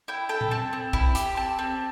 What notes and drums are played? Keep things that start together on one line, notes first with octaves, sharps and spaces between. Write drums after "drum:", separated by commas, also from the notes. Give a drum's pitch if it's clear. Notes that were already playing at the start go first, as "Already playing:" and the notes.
E4 G5
A4 G5
drum: tom A#2
C4 A5
C4
E4, drum: kick B1
G4, drum: hi-hat
C4 A5
C4